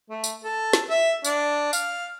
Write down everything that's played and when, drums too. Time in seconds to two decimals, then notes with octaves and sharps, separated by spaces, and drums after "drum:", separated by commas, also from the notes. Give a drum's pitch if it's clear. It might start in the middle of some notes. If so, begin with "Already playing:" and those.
0.10 A3
0.24 drum: tambourine
0.44 A4
0.73 drum: snare
0.90 E5
1.25 D4, drum: tambourine
1.73 F5, drum: tambourine